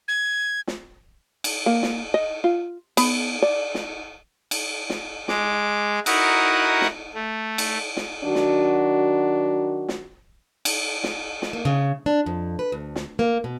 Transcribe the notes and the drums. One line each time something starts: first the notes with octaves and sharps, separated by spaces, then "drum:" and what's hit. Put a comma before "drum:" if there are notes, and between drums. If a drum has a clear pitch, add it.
G#6
drum: snare
drum: cymbal
A#3
drum: snare
D#5
F4
B3, drum: cymbal
D5
drum: snare
drum: cymbal
drum: snare
G#3 D6, drum: snare
D#4 E4 F#4 A#4 F#5 D#6, drum: cymbal
drum: snare
A3
drum: cymbal
drum: snare
D#3 F#3 D4 F#4
drum: snare
drum: snare
drum: cymbal
drum: snare
drum: snare
A#3
C#3
D4
F2
B4
D2
drum: snare
A#3
B2